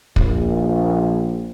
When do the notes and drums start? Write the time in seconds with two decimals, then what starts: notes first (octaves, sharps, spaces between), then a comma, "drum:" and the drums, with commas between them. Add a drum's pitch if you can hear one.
0.16 A#1, drum: kick